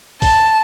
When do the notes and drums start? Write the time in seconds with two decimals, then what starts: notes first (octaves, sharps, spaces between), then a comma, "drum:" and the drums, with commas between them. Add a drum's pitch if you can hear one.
0.22 A5, drum: kick, open hi-hat